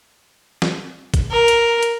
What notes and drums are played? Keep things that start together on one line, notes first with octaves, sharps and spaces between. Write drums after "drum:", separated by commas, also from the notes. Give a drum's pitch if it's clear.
drum: snare
drum: kick, hi-hat
A#4
drum: hi-hat
drum: hi-hat